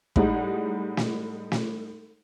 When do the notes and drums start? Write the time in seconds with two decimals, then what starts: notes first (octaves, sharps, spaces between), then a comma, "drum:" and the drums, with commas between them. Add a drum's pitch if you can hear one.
0.16 A2 G3 G#3 D#4 F#5, drum: kick
0.97 drum: snare
1.52 drum: snare